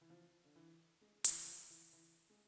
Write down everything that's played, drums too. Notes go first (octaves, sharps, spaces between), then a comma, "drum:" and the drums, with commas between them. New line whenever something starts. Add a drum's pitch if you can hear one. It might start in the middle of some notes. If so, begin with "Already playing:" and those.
E3
F3
D3
E3
G#3
E3, drum: hi-hat
F3
E3
E3
G#3